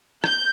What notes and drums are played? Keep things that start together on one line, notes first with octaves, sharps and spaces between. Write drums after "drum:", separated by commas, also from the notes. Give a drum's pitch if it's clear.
G6, drum: rim click